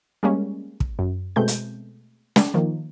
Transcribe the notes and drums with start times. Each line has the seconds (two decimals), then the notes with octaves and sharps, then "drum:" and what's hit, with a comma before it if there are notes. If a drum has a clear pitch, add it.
0.23 G3 G#3 A#3 C#4
0.80 drum: kick
0.99 F#2
1.36 B2 G#3 A3 C4 G6
1.48 drum: hi-hat
2.36 drum: snare
2.54 D#3 F3 A#3